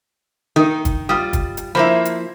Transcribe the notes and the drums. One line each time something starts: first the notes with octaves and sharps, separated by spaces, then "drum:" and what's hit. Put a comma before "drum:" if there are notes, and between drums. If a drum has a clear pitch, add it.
D#3 D#4
drum: kick, hi-hat
G3 F4 D#6
drum: kick, hi-hat
drum: hi-hat
F3 A#3 E4 C5 B5
drum: hi-hat